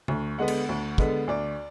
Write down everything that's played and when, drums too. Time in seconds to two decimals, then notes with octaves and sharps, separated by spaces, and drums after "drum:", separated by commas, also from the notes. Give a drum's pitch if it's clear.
0.08 D2, drum: tom
0.38 D3 G#3 B3 F#5
0.48 drum: cymbal
0.69 D2
0.98 D3 G#3 B3, drum: kick
1.28 D2 D5